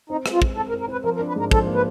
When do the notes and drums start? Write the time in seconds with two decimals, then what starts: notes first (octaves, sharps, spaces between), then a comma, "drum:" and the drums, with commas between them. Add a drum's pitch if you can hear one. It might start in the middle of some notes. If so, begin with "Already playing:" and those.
0.10 C4 D#4
0.26 G#3, drum: rim click
0.33 F4
0.42 G#3, drum: kick
0.56 C4 A4
0.69 A#4
0.73 C4
0.80 A#4
0.88 C4 B4
1.04 F3 A#4
1.16 A#4
1.19 D4
1.28 B4
1.36 G#2 A#4
1.51 F3 A4, drum: kick
1.67 A#3
1.75 B4